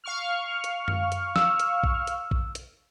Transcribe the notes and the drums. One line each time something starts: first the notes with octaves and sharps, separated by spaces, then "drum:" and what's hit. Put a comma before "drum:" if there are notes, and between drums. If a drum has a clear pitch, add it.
F5 C#6 F6
drum: hi-hat
drum: tom F#2
drum: hi-hat
E6, drum: snare
drum: hi-hat
drum: kick
drum: hi-hat
drum: kick
drum: hi-hat